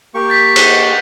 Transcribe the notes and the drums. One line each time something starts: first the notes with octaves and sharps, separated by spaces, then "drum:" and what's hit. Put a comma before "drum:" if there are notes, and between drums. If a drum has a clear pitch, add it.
A#3 G4 C#6
G6 A6 B6
F#6 B6, drum: cymbal